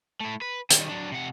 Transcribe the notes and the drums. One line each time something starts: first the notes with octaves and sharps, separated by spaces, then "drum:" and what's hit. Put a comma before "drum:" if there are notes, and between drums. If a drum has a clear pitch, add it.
A3 E4
B4
D#3 G3, drum: hi-hat
F#3 D4
C3 F#5